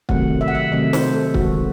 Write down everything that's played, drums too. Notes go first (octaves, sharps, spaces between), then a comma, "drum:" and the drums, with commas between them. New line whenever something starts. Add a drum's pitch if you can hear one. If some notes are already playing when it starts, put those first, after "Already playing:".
C3 D#3 F#3 A3 C4 F#5, drum: kick
E5
F#5
E5
C3 D#3 F#3 A3 C4 D#5
C5, drum: snare
A4
D#3 G#3 C4 F#4, drum: kick